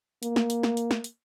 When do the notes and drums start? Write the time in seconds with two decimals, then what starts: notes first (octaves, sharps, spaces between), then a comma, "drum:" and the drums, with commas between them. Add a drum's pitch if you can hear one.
0.23 A#3, drum: hi-hat
0.36 drum: snare
0.50 drum: hi-hat
0.63 drum: snare
0.77 drum: hi-hat
0.91 drum: snare
1.04 drum: hi-hat